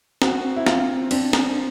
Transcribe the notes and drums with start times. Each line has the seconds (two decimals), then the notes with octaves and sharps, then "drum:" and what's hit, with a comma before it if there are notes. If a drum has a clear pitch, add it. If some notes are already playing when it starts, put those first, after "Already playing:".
0.22 C4 F#4, drum: snare
0.56 E4
0.66 C4 F4, drum: snare
1.11 C4 D4, drum: cymbal
1.33 drum: snare